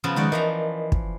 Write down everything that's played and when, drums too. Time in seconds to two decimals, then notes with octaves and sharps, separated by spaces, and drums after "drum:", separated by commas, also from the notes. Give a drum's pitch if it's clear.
0.04 C#3 F3 B3
0.16 D#3 F3 G#3 D#4 F#4 D5
0.32 E3 F3 A#4 D#5 A#5
0.92 drum: kick